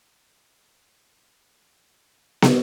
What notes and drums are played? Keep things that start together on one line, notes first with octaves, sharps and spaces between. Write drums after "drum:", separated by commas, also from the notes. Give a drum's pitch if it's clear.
G#4
D#6
F6
drum: snare